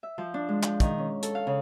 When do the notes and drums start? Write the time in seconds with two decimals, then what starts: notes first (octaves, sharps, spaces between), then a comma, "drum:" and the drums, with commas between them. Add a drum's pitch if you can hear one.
0.03 E5
0.18 F3
0.34 D4
0.49 G#3
0.63 F3, drum: clap
0.80 D#3, drum: kick, hi-hat
0.98 C#4
1.23 A4, drum: hi-hat
1.35 F5
1.47 C#3